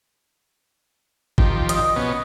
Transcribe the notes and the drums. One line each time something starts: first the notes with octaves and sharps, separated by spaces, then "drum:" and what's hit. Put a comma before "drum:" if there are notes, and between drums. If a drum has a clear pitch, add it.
D#3 F3 G4, drum: kick G#1
D#5, drum: hi-hat
B2 B3 C#4